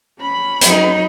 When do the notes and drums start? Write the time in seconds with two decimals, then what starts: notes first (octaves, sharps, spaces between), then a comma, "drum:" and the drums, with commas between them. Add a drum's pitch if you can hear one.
0.20 C#4 B5
0.61 F#3 D#4, drum: hi-hat